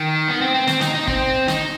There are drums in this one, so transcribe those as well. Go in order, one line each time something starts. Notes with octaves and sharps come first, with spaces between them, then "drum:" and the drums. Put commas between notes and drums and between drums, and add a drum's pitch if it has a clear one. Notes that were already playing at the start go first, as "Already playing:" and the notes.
Already playing: D#3
B3
C4
C4
C4, drum: snare
D#4, drum: snare
D#4
C4, drum: kick
D#4, drum: snare